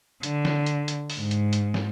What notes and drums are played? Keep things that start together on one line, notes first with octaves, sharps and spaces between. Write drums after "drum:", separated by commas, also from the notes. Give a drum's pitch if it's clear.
D3, drum: hi-hat
drum: snare
drum: hi-hat
drum: hi-hat
drum: open hi-hat
G#2
drum: hi-hat
drum: hi-hat
drum: snare